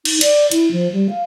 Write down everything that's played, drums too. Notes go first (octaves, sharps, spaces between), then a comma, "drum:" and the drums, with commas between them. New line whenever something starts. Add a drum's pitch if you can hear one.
D#4, drum: cymbal
D5, drum: cymbal
E4, drum: hi-hat
F3
G3
F5